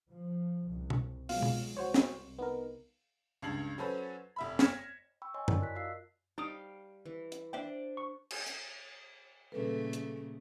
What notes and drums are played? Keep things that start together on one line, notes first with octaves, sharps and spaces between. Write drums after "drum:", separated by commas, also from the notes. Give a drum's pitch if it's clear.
F3
C2
drum: tom B2
B2 F#3 G#3 F4 F5, drum: open hi-hat
drum: tom B2
C2 F#4 C5 C#5
drum: snare
B3 D#4 A#4
C#2 G2 A5 G#6 C7 F#7
F#3 C#4 A4 B4 C5
F1 E5 B5
F6 G#6 A#6 B6 C#7 E7, drum: snare
G5 B5 C#6 E6
C#5 D#5 G5 G#5 C6
E4 F#4 D5, drum: tom F#2
A#4 A5 F#6 B6
F4 F#4 D#5 F5 E6 C7
G3 D#4 G4 F5 D#6
E3
drum: hi-hat
D4 C5 D5 E5 G5
C#6
drum: cymbal
drum: hi-hat
A#2 C#3 G3 A3 A4 B4
drum: hi-hat